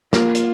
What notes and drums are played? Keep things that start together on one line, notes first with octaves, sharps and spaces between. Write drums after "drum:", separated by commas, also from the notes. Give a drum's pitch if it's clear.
A#3 F4, drum: snare
drum: hi-hat